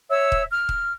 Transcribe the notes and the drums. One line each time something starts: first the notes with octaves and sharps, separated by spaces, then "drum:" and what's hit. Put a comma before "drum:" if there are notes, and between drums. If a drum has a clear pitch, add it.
C#5 E5 E6
drum: kick D#1
F6
drum: kick D#1